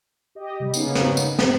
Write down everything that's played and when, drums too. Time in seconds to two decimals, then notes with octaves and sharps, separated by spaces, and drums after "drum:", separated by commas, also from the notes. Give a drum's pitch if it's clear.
0.35 G4 D#5
0.60 C3 G3
0.74 C#3 A#3 B3 C#4 D#4, drum: tambourine
0.95 drum: snare
1.17 drum: tambourine
1.39 drum: snare